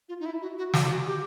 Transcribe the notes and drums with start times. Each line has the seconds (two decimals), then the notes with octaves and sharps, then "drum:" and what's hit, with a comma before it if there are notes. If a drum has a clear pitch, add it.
0.09 F4
0.20 D#4
0.26 E4
0.42 F#4
0.58 F#4
0.74 F#4, drum: snare
0.91 F#4
1.07 G4